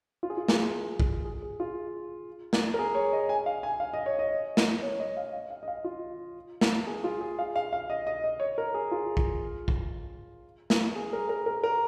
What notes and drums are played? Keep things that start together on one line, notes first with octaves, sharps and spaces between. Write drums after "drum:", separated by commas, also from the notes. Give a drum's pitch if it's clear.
F4
G#4
F4
drum: snare
drum: kick
G#4
G#4
F4
drum: snare
A#4
G#4
C#5
D#5
G#5
F5
G#5
F5
D#5
C#5
D#5
drum: snare
C#5
D#5
F5
F5
F5
D#5
F5
F4
drum: snare
G#4
F4
G#4
F5
F5
F5
D#5
D#5
D#5
C#5
A#4
G#4
F4
drum: kick
drum: kick
drum: snare
G#4
A#4
A#4
A#4
A#4